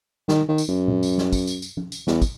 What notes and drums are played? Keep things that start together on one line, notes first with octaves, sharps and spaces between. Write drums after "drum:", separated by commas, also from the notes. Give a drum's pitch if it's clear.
D#3, drum: snare
D#3
drum: tambourine
F#2
drum: tom A#2
drum: tambourine
drum: snare
drum: kick, tambourine
drum: tambourine
drum: tambourine
drum: tom
drum: tambourine
E2, drum: snare
drum: kick, tambourine